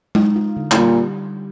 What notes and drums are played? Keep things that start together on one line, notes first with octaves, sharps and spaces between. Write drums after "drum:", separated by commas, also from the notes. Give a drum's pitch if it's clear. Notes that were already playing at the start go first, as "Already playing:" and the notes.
D#4, drum: tom G#3
F4
D3
A2, drum: clap
A#2 G3